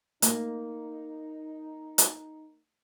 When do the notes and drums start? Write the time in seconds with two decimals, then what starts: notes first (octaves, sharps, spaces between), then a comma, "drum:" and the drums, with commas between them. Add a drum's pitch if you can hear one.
0.22 A#3 D#4, drum: hi-hat
1.98 drum: hi-hat